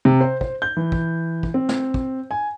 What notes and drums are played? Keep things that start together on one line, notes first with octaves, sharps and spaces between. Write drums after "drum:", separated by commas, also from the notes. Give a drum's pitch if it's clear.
C3
C5
C5, drum: kick
G6
E3
drum: kick
drum: kick
C4
drum: snare
drum: kick
G#5